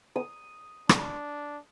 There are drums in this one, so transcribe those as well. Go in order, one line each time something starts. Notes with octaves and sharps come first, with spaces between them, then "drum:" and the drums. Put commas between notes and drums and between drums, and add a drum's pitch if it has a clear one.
D#6
D4, drum: rim click